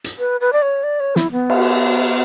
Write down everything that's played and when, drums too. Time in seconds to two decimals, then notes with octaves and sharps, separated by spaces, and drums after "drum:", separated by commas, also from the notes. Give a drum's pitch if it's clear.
0.04 drum: hi-hat
0.19 B4
0.41 B4
0.53 D5
0.62 C#5
0.83 D5
1.00 C#5
1.16 E4, drum: snare
1.32 B3
1.50 drum: cymbal